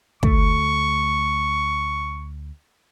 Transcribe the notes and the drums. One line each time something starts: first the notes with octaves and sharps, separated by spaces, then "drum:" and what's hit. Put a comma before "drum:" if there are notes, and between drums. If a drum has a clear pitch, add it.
D2 A3 C#6, drum: kick